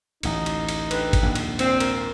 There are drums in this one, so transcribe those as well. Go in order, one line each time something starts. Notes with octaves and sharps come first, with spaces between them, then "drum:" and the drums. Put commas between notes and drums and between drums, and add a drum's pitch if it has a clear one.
A1 D2 D#4, drum: cymbal
drum: cymbal
drum: cymbal
D3 G4 B4, drum: cymbal
drum: kick G#1, cymbal
A#1 D#2 G#2
drum: cymbal
A#2 C4 C5, drum: cymbal
A#4, drum: cymbal